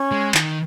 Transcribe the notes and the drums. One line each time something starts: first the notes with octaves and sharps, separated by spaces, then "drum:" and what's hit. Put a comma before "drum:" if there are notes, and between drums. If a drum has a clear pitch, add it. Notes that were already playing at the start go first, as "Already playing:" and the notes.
Already playing: C#4
G#3
D#3, drum: clap